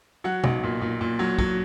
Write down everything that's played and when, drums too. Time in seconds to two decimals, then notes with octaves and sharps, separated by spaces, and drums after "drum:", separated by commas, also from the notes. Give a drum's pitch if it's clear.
0.24 F#3 F#5
0.44 B1, drum: tom B2
0.63 A#2
0.81 A#2
1.01 A#2
1.19 F#3
1.39 F#3, drum: kick